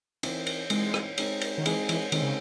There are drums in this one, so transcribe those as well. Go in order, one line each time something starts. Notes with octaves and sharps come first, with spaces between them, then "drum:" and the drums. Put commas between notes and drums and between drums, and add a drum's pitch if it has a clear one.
E3 C4 D#4, drum: cymbal
drum: cymbal
E3 G#3 C4 D#4, drum: cymbal
drum: rim click
G#3 C4 D#4 G#4, drum: cymbal
drum: cymbal
D#3
E3 G#3 C4 D#4 G#4, drum: cymbal
E3, drum: cymbal
D#3 G#3 C4 D#4 G#4, drum: cymbal
C#3